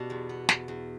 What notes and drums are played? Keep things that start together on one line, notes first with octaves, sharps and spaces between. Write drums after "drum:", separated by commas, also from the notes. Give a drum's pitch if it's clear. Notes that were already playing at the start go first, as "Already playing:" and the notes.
Already playing: B2 B3 D4 G4
E2
B3
E2, drum: snare
E2